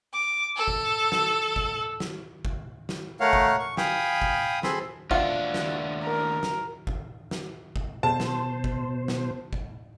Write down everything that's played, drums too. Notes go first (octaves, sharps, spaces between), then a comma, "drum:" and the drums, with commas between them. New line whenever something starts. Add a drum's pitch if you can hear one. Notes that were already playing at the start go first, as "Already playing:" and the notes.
D6
A4
drum: kick
drum: snare
drum: kick
drum: snare
drum: kick
drum: snare
A3 A#4 C#5 F5 F#5
drum: kick
C#6
F5 G5 G#5 B5 D#6, drum: snare
drum: kick
C4 G#4 A4 B5 C6, drum: snare
D#2 D4 F4 C5 E5 F#5, drum: kick
drum: snare
A#4
drum: snare
drum: kick
drum: snare
drum: kick
B2 C5 A5
drum: snare
drum: kick
drum: snare
drum: kick